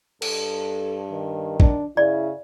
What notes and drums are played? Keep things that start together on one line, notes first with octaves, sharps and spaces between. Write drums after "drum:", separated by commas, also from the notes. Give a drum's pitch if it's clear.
G2 A4, drum: cymbal
D#3
D4, drum: kick
C#3 E4 D5